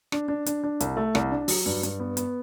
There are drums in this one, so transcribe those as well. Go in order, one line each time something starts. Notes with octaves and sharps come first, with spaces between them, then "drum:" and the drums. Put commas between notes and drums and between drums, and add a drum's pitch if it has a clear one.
D4, drum: rim click
D4
D4, drum: hi-hat
D4
C2, drum: hi-hat
A3
C2, drum: rim click
D4
F#3, drum: open hi-hat
G2
G2, drum: hi-hat
B3
B3, drum: hi-hat